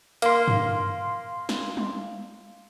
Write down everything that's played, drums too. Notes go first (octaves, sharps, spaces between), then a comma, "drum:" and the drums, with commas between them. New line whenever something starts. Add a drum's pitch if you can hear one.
A#3 F5 C6, drum: hi-hat
drum: tom G2
drum: snare
drum: tom G3